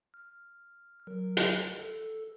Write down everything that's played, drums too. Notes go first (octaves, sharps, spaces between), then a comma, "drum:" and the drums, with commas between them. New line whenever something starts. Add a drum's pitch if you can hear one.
F6
F#3 A#4
drum: hi-hat
A4